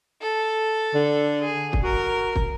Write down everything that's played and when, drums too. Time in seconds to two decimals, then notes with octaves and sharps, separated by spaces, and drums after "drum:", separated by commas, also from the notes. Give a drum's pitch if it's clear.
0.22 A4
0.94 D3
1.42 G#4
1.73 drum: kick
1.83 F#4 A#4
2.36 drum: kick